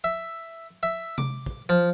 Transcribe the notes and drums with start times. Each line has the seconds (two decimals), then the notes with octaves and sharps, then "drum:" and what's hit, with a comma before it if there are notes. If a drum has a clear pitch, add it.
0.04 E5
0.83 E5
1.18 D6, drum: tom C3
1.46 drum: kick
1.69 F3